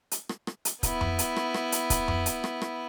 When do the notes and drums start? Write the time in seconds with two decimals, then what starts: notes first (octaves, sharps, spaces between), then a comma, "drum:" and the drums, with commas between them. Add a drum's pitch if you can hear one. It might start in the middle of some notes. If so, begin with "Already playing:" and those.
0.11 drum: hi-hat
0.29 drum: rim click
0.47 drum: rim click
0.65 drum: hi-hat
0.83 B3 E4, drum: kick C#1, hi-hat
1.01 drum: tom F2
1.19 drum: hi-hat
1.36 drum: rim click
1.54 drum: rim click
1.72 drum: hi-hat
1.90 drum: kick C#1, hi-hat
2.08 drum: tom F2
2.26 drum: hi-hat
2.44 drum: rim click
2.62 drum: rim click